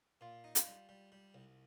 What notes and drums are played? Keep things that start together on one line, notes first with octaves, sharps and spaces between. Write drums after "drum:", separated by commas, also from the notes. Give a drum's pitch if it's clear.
A#2 F4
D#4
F4, drum: hi-hat
G3
G3
G3
C2